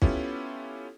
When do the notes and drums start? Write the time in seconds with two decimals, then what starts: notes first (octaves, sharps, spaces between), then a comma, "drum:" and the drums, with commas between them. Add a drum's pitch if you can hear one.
0.02 B3 C#4 E4 F4 G4 A4, drum: kick